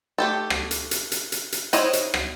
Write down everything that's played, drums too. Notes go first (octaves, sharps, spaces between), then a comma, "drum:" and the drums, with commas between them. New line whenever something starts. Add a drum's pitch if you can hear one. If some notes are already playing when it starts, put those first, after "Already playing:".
A3 G4 A4
drum: rim click
drum: hi-hat
drum: hi-hat
drum: hi-hat
drum: hi-hat
drum: hi-hat
D#4 E4 C5 C#5 D#5, drum: hi-hat
drum: hi-hat
drum: rim click